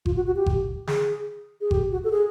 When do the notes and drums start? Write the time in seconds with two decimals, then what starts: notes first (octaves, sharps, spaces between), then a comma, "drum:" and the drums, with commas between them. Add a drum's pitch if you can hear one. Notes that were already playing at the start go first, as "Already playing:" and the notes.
0.06 F4, drum: kick G1
0.16 F#4
0.26 F#4
0.36 G4
0.46 drum: kick G1
0.87 G#4, drum: snare
1.61 G#4
1.71 G4, drum: kick G1
1.91 F#4
2.04 A4
2.11 G#4